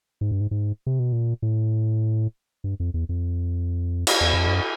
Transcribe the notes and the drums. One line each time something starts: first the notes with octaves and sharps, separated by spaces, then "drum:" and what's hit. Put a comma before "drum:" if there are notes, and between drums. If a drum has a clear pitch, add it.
G#2
G2
G#2
G#2
C3
B2
A#2
A2
G2
F2
E2
F2
drum: cymbal
E2
F2
F#2